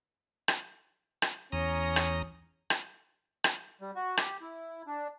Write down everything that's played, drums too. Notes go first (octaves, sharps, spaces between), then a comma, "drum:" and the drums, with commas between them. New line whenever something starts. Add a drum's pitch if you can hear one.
drum: rim click
drum: rim click
E2 C#4 A#5 D#6
drum: rim click
drum: rim click
drum: rim click
G3
F#4
G4, drum: rim click
E4
D4